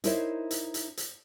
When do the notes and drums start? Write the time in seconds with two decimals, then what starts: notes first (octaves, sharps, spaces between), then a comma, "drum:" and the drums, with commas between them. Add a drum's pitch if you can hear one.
0.04 D#4 E4 A#4 C5 C#5 E5, drum: hi-hat
0.51 drum: hi-hat
0.74 drum: hi-hat
0.97 drum: hi-hat